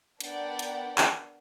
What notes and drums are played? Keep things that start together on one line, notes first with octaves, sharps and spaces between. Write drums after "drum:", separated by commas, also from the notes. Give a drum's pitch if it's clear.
B3 D4 A#4 D5 F#5 G5, drum: hi-hat
drum: hi-hat
drum: clap